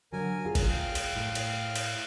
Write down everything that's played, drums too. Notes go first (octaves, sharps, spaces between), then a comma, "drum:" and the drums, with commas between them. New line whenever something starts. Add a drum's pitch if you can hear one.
D3 F#3 A#4 G#5
F4 G#4
drum: kick G1, cymbal
F5 G5
drum: cymbal
A2
drum: cymbal
drum: cymbal